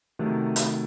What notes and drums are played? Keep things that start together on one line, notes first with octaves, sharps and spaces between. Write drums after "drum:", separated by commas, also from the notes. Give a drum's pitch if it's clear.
C3 D#3 F#3 A3
drum: hi-hat